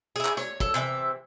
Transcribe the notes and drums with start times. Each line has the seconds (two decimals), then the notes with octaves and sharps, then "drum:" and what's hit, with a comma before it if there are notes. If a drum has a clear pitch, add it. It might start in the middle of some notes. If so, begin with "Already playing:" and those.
0.16 E4 G#4
0.25 drum: clap
0.37 C#5, drum: rim click
0.60 A4 C#5, drum: kick
0.74 C3 E3 A4 E5